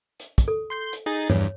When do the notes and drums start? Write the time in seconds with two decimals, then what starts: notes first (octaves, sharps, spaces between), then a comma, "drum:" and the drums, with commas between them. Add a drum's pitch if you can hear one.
0.20 drum: hi-hat
0.38 drum: kick, hi-hat
0.48 A4
0.70 C6 G6 C7
0.93 drum: hi-hat
1.06 D#4 G#4 A6
1.30 E2 G2 C#5, drum: tom G2